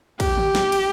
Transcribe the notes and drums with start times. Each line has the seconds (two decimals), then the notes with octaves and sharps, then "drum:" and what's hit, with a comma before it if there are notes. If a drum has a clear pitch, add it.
0.20 G4, drum: kick, cymbal
0.37 drum: tom
0.55 drum: snare
0.72 drum: cymbal